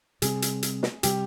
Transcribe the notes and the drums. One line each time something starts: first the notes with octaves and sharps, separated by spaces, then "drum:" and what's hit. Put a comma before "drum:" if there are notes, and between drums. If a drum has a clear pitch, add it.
C3 G3 C4 G#4, drum: hi-hat
drum: hi-hat
drum: hi-hat
drum: snare
C3 G3 C4 G4, drum: hi-hat